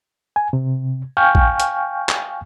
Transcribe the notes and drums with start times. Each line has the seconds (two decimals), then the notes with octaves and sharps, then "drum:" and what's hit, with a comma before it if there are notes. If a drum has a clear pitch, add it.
0.36 G#5
0.53 C3
1.17 F5 G5 G#5 C#6 F6 G6
1.35 drum: kick
1.60 drum: hi-hat
2.09 drum: clap